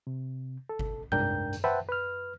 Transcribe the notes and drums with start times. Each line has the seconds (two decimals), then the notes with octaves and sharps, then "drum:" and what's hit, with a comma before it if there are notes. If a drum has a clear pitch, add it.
0.07 C3
0.69 A4
0.79 drum: kick G1
1.12 C2 G#2 D4 A#4 G5 G6, drum: tom F#2
1.53 drum: hi-hat
1.64 B4 C5 E5 F#5 G5 A5
1.89 B4 F6